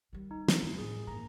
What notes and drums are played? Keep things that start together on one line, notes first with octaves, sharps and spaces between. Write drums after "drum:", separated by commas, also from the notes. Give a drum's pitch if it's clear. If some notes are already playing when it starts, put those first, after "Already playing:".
D#3 G3
D#4
drum: snare
F2
A2 G#4
G2 A#3 A#5